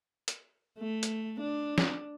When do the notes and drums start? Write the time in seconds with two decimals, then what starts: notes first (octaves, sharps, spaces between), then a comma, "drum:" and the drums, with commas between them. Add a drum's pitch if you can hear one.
0.28 drum: hi-hat
0.78 A3
1.03 drum: hi-hat
1.40 D4
1.78 drum: snare